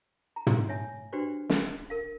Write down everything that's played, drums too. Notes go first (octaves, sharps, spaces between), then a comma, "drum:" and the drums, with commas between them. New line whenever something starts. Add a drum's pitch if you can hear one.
A#5
drum: tom
C#5 E5 G#5
D4 F#4 G4 B4 C5 D5
drum: snare
A#4 F5